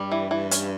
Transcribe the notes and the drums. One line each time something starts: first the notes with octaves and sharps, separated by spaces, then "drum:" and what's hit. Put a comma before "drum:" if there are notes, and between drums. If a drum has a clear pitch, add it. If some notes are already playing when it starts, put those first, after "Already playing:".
Already playing: G2 G3
E3
E3
C#4, drum: hi-hat